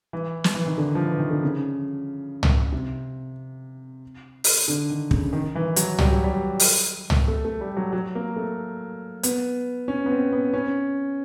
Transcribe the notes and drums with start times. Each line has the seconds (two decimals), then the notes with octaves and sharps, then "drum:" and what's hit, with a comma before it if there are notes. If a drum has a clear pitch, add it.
0.13 E3
0.44 drum: snare
0.54 E3
0.66 D#3
0.78 D3
0.95 F3
1.07 E3
1.19 D#3
1.30 D3
1.43 C#3
2.43 drum: tom
2.72 C3
4.44 drum: open hi-hat
4.68 D3
4.90 D#3
5.11 C#3, drum: kick
5.33 D#3
5.55 E3
5.76 F#3, drum: hi-hat
5.99 G3, drum: tom
6.12 F#3
6.24 G3
6.60 drum: open hi-hat
7.10 drum: tom
7.28 A3
7.45 A3
7.61 G3
7.77 F#3
7.93 F#3
8.15 A#3
8.36 A3
9.23 B3, drum: hi-hat
9.88 C#4
10.06 B3
10.11 C4
10.32 B3
10.53 C#4